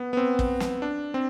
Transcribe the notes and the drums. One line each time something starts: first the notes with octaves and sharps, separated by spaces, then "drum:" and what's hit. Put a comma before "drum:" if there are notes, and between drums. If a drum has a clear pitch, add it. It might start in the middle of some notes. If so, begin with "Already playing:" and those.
Already playing: B3
B3
C4
drum: kick
drum: snare
D4
C4